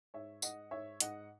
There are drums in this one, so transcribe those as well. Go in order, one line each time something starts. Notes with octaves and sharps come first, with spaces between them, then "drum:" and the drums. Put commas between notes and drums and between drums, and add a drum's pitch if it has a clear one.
G#2 C#5 E5
G#2 D#5 F#5, drum: tambourine
G#2 C#5 E5
G#2 D#5 F#5, drum: hi-hat